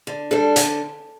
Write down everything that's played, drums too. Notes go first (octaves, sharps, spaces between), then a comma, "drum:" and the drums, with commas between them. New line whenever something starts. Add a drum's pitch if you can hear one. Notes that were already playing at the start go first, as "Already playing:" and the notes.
D3
G3 D4 A4
D3, drum: hi-hat